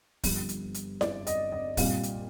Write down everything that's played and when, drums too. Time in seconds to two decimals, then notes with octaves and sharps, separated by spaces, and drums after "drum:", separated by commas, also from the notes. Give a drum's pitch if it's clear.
0.23 G1 G2 F3, drum: kick, open hi-hat
0.49 drum: hi-hat
0.74 drum: hi-hat
1.01 D5, drum: snare E4
1.27 D#5, drum: hi-hat
1.52 D#5
1.77 C2 A#2 G3 F5, drum: kick, open hi-hat
2.03 drum: hi-hat